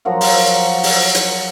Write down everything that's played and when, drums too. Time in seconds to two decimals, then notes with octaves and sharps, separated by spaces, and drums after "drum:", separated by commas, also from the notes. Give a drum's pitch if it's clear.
0.05 F3 F#3 F#4 A#4
0.21 drum: open hi-hat
0.83 drum: open hi-hat
1.15 drum: hi-hat